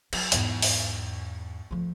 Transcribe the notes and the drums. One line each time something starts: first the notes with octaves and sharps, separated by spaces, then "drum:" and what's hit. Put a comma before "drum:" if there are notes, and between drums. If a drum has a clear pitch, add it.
F#3, drum: cymbal
E2 G#2, drum: hi-hat
drum: open hi-hat
F3 A3